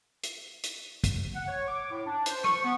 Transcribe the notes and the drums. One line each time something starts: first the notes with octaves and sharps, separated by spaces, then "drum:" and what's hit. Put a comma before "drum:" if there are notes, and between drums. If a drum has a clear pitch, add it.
drum: hi-hat
drum: hi-hat
drum: kick, hi-hat
F#5
C#5
D6
A2
D4
C5, drum: hi-hat
C#6, drum: rim click
B3